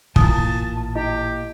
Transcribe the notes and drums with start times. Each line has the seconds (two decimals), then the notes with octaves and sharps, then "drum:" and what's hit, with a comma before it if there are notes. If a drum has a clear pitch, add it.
0.16 A1 A#2 E4 G#5 A5 D#6, drum: kick
0.77 A5
0.95 E4 G4 D#5